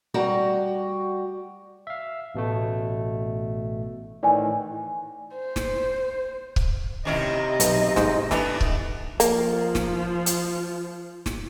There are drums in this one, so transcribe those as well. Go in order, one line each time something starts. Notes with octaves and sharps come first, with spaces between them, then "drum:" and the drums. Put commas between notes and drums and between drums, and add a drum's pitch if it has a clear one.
G3 F#4 A#5
E5 F5
A1 B2 A3
A2 D#3 E3 D5 G#5
C5
drum: snare
drum: kick C#1
C3 D#3 C#4 E4 D#5
B1, drum: hi-hat
G#2 C5, drum: snare
E3 A3 B3 D4, drum: snare
drum: kick C#1
F3 A#3, drum: hi-hat
drum: snare
drum: hi-hat
drum: snare